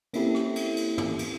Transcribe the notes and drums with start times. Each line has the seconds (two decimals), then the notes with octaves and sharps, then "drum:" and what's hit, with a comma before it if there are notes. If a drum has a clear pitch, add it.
0.13 A#3 C4 C#4 E4 G4 A4, drum: cymbal
0.35 drum: rim click
0.56 drum: cymbal
0.77 drum: cymbal
0.98 drum: tom
1.19 drum: cymbal